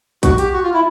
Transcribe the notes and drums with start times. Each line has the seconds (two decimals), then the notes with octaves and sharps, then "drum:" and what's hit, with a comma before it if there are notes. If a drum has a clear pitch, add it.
0.23 F#4, drum: kick, hi-hat
0.38 G4, drum: hi-hat
0.53 F#4
0.63 F4
0.74 E4